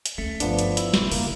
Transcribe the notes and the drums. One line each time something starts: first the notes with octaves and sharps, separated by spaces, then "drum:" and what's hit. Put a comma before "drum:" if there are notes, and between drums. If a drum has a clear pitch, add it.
drum: hi-hat
D2 A3 C#4
G1 F3 B3 D4, drum: hi-hat
drum: hi-hat
E4, drum: hi-hat
A#1 C3, drum: snare
F#2 C#3 A#3, drum: open hi-hat